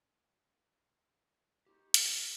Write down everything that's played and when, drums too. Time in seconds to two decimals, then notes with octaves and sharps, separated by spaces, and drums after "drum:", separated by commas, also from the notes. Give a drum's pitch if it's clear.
1.66 D#4 G4
1.94 F#3 F5, drum: hi-hat